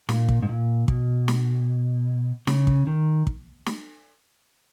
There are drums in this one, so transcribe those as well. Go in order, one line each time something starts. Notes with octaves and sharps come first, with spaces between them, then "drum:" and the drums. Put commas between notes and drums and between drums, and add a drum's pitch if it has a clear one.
A#2, drum: snare
drum: kick
G#2
A#2
B2, drum: kick
drum: snare
C#3, drum: snare
drum: kick
D#3
drum: kick
drum: snare